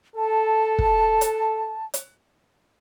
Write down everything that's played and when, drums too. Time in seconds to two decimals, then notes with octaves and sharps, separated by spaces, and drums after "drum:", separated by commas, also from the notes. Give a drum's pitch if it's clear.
0.16 A4 A5
0.79 drum: kick
1.21 drum: hi-hat
1.94 drum: hi-hat